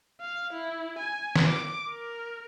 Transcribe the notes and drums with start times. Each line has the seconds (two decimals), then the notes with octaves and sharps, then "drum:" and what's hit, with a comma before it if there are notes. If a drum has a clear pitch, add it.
0.21 F5
0.53 E4
0.99 G#5
1.36 drum: snare
1.46 D6
1.90 A#4